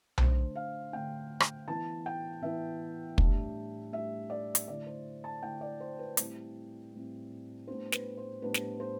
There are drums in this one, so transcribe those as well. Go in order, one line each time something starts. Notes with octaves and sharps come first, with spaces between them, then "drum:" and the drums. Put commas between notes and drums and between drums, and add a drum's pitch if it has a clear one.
D3 A3 D4 C5, drum: tom B1
F5
D3 A3 D4 G5
drum: rim click
E3 B3 E4 A5
G5
E3 B3 E4 E5
A2 G3 D4, drum: kick
A2 G3 D4 E5
D5
drum: hi-hat
D3 A3 E4 D5
C5
A5
D3 A3 E4 G5
D5
C5
B4
A2 G3 C4 E4, drum: hi-hat
A2 G3 C4 E4
A2 G3 B3 D4 C5
B4, drum: snare
C5
A2 G3 B3 D4 B4
drum: snare
C5